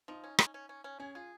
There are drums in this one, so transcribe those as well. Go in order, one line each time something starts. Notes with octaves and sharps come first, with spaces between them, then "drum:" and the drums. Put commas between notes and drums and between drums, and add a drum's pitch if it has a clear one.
F3 D#4
C#4
C#4, drum: rim click
C#4
C#4
C#4
C#4 G#4
F4 G#4